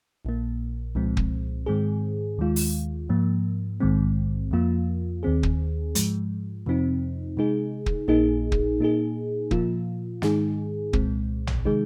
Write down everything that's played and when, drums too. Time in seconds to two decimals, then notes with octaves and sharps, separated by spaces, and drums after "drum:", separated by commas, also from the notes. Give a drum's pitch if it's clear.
0.25 A#1 A#2 A#3
0.95 C2 A#2 F3 G#3 C4
1.17 drum: kick
1.66 G#2 D#3 G#3 C4 G#4
2.38 D#2 D#3 G#3 F4
2.56 drum: open hi-hat
3.09 G#2 F3 A#3
3.80 A#1 G#2 D#3 G#3 C4
4.51 F2 F3 A#3 F4
5.23 D#2 D#3 C4 G#4
5.43 drum: kick
5.95 G#2 F3 G#3, drum: hi-hat
6.66 F2 C3 F3 C4 D#4
7.37 C3 G#3 D#4 G#4
7.86 drum: kick
8.08 A#1 A#2 A#3 D#4 G#4
8.52 drum: kick
8.80 A#2 A#3 D#4 G#4
9.51 A#2 F3 A#3 F4, drum: kick
10.22 G#2 D#3 G#3 D#4 G#4, drum: snare
10.93 C2 A#2 G#3 C4, drum: kick
11.47 drum: tom A1
11.65 C3 D#3 G#3 D#4 G#4